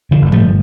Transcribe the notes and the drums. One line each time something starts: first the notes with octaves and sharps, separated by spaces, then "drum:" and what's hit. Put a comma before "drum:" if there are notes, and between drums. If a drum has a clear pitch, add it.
D3 F3
G1 G3
F3 A3, drum: tom G#2